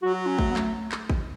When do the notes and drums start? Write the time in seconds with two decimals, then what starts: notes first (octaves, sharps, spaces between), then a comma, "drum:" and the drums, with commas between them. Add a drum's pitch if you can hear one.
0.02 F#3 F#4
0.14 F#4
0.27 C#4
0.39 A3, drum: kick
0.52 B3
0.56 A3, drum: clap
0.92 drum: clap
1.10 drum: kick